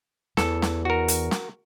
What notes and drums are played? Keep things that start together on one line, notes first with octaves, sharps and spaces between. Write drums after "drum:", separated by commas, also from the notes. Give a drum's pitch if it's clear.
E2 E3 A4, drum: snare
drum: snare
F#4 A#4
drum: hi-hat
drum: snare